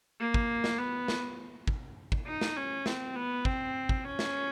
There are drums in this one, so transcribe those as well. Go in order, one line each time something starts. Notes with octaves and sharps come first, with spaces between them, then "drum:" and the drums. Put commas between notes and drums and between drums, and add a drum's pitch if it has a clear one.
A#3
drum: kick
drum: snare
B3
drum: snare
drum: kick
drum: kick
D#4
drum: snare
C#4
C4, drum: snare
B3
C4, drum: kick
drum: kick
C#4
drum: snare